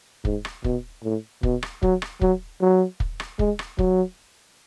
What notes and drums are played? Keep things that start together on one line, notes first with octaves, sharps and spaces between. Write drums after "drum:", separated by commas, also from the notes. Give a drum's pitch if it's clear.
G#2, drum: kick
drum: rim click
B2, drum: kick
A2
B2, drum: kick
drum: rim click
F#3, drum: kick
drum: rim click
F#3, drum: kick
F#3
drum: kick
drum: rim click
G#3, drum: kick
drum: rim click
F#3, drum: kick